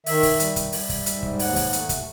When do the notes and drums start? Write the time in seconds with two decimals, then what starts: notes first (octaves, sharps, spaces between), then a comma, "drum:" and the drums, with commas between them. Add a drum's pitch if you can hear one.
0.06 D#3 E5, drum: open hi-hat
0.23 drum: kick, open hi-hat
0.40 G3, drum: hi-hat
0.56 drum: kick, hi-hat
0.72 G3, drum: open hi-hat
0.89 drum: kick, open hi-hat
1.06 G#2, drum: hi-hat
1.23 drum: kick
1.39 D#2 F#5, drum: open hi-hat
1.56 drum: kick, open hi-hat
1.73 A3, drum: hi-hat
1.89 drum: kick, hi-hat